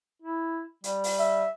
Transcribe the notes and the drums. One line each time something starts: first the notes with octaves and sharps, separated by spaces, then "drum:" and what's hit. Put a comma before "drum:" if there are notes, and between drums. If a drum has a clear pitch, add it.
E4
G3, drum: hi-hat
drum: open hi-hat
E5